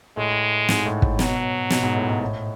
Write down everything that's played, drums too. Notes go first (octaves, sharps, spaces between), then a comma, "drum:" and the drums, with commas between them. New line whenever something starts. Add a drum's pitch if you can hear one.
A2 G#3
G#2, drum: snare
A2
A2, drum: kick
B2 F#3, drum: snare
B2, drum: snare
G#2
A2
G#2
A2